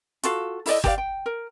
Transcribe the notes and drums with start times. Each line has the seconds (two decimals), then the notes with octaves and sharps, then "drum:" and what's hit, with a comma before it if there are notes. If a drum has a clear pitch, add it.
0.23 F4 F#4 A4 F5, drum: hi-hat
0.66 E4 A4 D5 D#5, drum: open hi-hat
0.84 G4 A4 D5 F5, drum: kick G1
0.98 G5
1.26 A#4